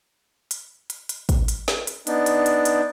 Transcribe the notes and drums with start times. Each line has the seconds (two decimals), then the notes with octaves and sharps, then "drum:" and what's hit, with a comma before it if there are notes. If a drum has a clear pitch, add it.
0.51 drum: hi-hat
0.90 drum: hi-hat
1.09 drum: hi-hat
1.29 drum: kick, hi-hat
1.48 drum: hi-hat
1.68 drum: snare
1.87 drum: hi-hat
2.07 B3 D4 D#4, drum: hi-hat
2.26 drum: hi-hat
2.46 drum: hi-hat
2.65 drum: hi-hat